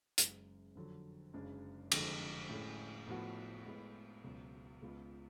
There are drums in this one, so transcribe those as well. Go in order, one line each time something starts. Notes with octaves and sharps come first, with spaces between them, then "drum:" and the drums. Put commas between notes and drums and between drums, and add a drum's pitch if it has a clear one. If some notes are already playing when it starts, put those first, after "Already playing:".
F#1 F#2 C#3 G#3, drum: hi-hat
F2 D3 F#3
F#1 F#2 C#3 G#3 D4
F1 F2 D3 G#3 D4, drum: cymbal
A2 G#3 C#4 G#4
A2 F3 B3 F#4 A4
A2 G#3 B3
C#2 B2 F#3
C#2 C#3 G#3 B3 F4